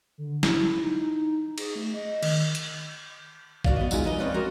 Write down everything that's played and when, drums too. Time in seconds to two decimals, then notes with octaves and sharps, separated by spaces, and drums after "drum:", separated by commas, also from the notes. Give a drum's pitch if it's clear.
0.18 D3
0.43 E4, drum: snare
0.81 D#4
1.58 G#4, drum: cymbal
1.76 A3
1.94 D#5
2.23 D#3, drum: cymbal
2.55 drum: hi-hat
3.64 F#4 A#4 D5 F5, drum: kick
3.76 B3 D#5
3.91 F#3 G#3 D#4 F4 G#4, drum: tambourine
4.05 D#4 B4 D5 D#5
4.19 F3 C4 C#4 B4 D5
4.34 G3 F#4 A#4 D5